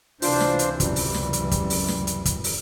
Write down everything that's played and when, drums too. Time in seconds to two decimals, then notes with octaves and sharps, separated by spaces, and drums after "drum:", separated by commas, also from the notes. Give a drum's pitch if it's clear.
0.22 C#2 C3 E3 D4 F4 C5, drum: open hi-hat
0.40 drum: snare
0.59 drum: hi-hat
0.80 F#2 G3, drum: kick, hi-hat
0.96 drum: open hi-hat
1.14 drum: snare
1.33 drum: hi-hat
1.51 drum: kick, hi-hat
1.70 drum: open hi-hat
1.88 drum: snare
2.07 drum: hi-hat
2.25 drum: kick, hi-hat
2.44 drum: open hi-hat